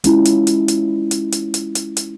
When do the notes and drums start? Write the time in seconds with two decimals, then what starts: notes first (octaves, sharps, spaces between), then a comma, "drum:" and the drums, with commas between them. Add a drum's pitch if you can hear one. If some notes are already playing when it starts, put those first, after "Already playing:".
0.04 G#3 C#4 E4 F4, drum: hi-hat
0.25 drum: hi-hat
0.47 drum: hi-hat
0.68 drum: hi-hat
1.11 drum: hi-hat
1.32 drum: hi-hat
1.54 drum: hi-hat
1.75 drum: hi-hat
1.97 drum: hi-hat